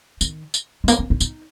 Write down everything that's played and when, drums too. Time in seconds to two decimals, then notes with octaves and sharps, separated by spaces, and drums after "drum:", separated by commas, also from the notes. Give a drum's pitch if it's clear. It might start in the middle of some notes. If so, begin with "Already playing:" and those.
0.21 D#3, drum: tambourine
0.54 drum: tambourine
0.84 G#3
0.88 A#3, drum: tambourine
0.99 C#4
1.10 C#4
1.20 D#4, drum: tambourine